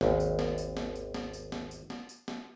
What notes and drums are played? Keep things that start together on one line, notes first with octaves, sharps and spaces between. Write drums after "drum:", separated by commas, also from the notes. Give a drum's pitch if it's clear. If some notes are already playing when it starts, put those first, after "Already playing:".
G#1 D#2, drum: snare
drum: tambourine
drum: snare
drum: tambourine
drum: snare
drum: tambourine
drum: snare
drum: tambourine
drum: snare
drum: tambourine
drum: snare
drum: tambourine
drum: snare